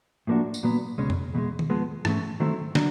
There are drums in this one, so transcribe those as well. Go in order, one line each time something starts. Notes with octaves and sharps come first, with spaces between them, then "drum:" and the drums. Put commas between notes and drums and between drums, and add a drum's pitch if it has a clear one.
A2 F3 A#3 D4 F#4
drum: tambourine
A#2 F#3 B3
C#2 B2 G#3 C#4
drum: tom F2
E2 B2 G#3
drum: tom D#3
F3 G#3 B3
G#2 E3 A3 C#4, drum: rim click
D#3 F#3 A3 C4 E4
D3 F#3 D4, drum: snare